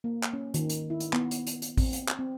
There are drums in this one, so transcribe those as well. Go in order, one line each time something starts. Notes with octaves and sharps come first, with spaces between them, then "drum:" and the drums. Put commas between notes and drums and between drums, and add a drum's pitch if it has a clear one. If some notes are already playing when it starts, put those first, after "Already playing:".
A#3
drum: clap
C#4
D#3, drum: hi-hat
drum: hi-hat
E4
drum: hi-hat
B3, drum: clap
drum: hi-hat
drum: hi-hat
drum: hi-hat
C4, drum: kick A1, open hi-hat
drum: hi-hat
drum: clap
C4